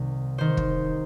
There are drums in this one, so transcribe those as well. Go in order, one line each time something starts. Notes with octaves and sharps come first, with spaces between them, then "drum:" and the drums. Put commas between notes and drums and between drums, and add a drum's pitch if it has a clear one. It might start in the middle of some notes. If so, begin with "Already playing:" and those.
Already playing: C2 C3 D#3
D#3 C5
drum: kick